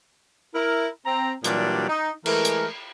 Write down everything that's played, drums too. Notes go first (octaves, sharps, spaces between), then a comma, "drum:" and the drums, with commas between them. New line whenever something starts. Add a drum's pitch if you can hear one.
E4 A#4
C4 A#5
A#2 E3 F#3 G3 D4 G4, drum: hi-hat
D#4
E3 G#3 A3 A#4, drum: cymbal
drum: hi-hat